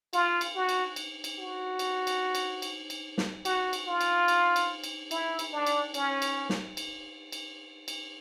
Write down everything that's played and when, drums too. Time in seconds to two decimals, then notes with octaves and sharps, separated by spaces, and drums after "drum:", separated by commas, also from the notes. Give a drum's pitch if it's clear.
0.13 F4, drum: cymbal
0.41 drum: cymbal
0.55 F#4
0.69 drum: cymbal
0.96 drum: cymbal
1.24 drum: cymbal
1.38 F#4
1.79 drum: cymbal
2.07 drum: cymbal
2.35 drum: cymbal
2.62 drum: cymbal
2.90 drum: cymbal
3.18 drum: snare
3.45 F#4, drum: cymbal
3.73 drum: cymbal
3.87 F4
4.01 drum: cymbal
4.28 drum: cymbal
4.56 drum: cymbal
4.84 drum: cymbal
5.11 E4, drum: cymbal
5.39 drum: cymbal
5.53 D4
5.67 drum: cymbal
5.94 C#4, drum: cymbal
6.22 drum: cymbal
6.49 drum: snare
6.77 drum: cymbal
7.32 drum: cymbal
7.88 drum: cymbal